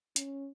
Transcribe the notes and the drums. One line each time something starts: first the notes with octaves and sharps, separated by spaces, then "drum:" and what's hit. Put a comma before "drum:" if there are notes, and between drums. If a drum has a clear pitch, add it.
C#4, drum: hi-hat